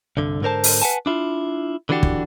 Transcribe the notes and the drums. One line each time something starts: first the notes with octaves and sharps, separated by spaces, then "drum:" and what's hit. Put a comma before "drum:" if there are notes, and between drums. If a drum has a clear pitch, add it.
C2 G2 D3
G#2 D3 A#4 C5 A5
drum: open hi-hat
B4 F#5 G#5 A5
D4 E4 F4
D3 E3 B3 D4 F#4 G4
drum: kick